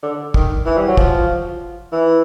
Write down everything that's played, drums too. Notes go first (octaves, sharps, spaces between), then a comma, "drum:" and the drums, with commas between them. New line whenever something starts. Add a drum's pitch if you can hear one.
D3
D#3, drum: kick
E3
G3
F#3
F3, drum: kick
E3